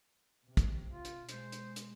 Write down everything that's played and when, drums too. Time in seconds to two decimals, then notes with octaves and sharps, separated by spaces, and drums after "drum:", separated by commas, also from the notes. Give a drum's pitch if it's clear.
0.48 C3
0.57 drum: kick, hi-hat
0.90 F4
1.05 drum: hi-hat
1.29 B2 G#3 C5, drum: hi-hat
1.52 drum: hi-hat
1.76 drum: hi-hat